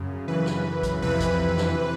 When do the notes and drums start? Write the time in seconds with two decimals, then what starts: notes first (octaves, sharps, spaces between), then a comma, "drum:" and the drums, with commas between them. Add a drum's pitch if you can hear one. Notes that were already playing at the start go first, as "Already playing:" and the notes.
Already playing: F#2 C#3
0.28 F#2 C#3 E3 B4
0.46 drum: snare
0.83 drum: kick, hi-hat
1.02 F2 C3 E3 B4
1.20 drum: kick, hi-hat
1.58 drum: snare
1.78 C3 E3